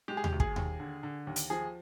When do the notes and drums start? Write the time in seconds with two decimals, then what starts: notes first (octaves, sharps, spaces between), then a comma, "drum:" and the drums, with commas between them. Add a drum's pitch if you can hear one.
0.08 G#3 G4
0.17 G#4
0.24 G4, drum: tom D#2
0.32 D2
0.40 G#4, drum: kick
0.56 D#2, drum: tom D#2
0.80 D3
1.03 D3
1.27 D#2
1.36 drum: hi-hat
1.50 F3 G#4